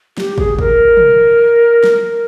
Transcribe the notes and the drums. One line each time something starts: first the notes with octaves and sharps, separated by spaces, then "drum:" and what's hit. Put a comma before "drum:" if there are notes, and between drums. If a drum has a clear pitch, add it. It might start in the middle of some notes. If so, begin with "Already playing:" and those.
G4, drum: snare
G#4, drum: kick
A#4, drum: kick
drum: tom
drum: snare